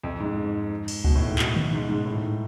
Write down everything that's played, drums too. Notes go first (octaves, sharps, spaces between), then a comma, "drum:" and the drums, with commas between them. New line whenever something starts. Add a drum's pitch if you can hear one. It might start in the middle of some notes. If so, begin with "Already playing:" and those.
F2
G#2
drum: cymbal
B2, drum: kick C#2
A2
G#2
B2, drum: clap
drum: tom D3
G#2
G#2
A2